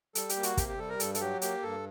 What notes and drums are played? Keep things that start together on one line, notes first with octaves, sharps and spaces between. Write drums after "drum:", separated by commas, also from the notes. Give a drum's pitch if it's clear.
G3 A4, drum: hi-hat
G4, drum: hi-hat
A#3
F#4, drum: hi-hat
C3 G4, drum: kick, hi-hat
G4
G3 A4
A#4
G2 A4, drum: hi-hat
A4, drum: hi-hat
F#3 G4
A#3 G4, drum: hi-hat
G2 A4